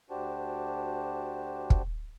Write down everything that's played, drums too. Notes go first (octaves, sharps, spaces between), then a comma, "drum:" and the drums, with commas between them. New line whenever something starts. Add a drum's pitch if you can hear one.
D2 D4 F#4 G4 C5 A5
drum: kick